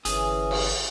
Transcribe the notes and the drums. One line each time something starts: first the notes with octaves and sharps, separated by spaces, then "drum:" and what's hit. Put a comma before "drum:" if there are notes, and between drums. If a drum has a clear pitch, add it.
G1 E3 C#4 G#4, drum: hi-hat
drum: cymbal